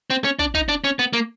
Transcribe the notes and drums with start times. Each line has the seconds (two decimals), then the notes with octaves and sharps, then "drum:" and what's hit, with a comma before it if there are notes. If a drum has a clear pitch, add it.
0.10 C4
0.24 C#4
0.39 D4, drum: kick
0.55 D#4, drum: kick
0.69 D4
0.84 C#4
0.99 B3
1.13 A#3